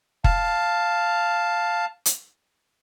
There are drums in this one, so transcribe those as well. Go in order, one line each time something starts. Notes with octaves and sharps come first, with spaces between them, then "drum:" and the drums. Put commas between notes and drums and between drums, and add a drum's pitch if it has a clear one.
F5 A5, drum: kick F1
drum: hi-hat